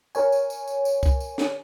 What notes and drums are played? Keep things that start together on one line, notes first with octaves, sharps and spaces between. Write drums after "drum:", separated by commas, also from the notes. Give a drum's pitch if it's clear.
A#4 C#5 G#5, drum: tambourine
drum: tambourine
drum: tambourine
drum: tambourine
drum: tambourine
drum: kick, tambourine
drum: tambourine
drum: snare